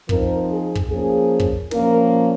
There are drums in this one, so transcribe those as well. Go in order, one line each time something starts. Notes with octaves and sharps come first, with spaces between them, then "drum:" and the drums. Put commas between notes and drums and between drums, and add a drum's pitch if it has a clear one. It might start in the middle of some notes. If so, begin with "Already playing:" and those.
F3 C4 D#4 A#4, drum: kick
G#4
drum: kick
F3 A#3 C#4 G#4
drum: kick
A#2 F3 A#3 C#4 A#4, drum: snare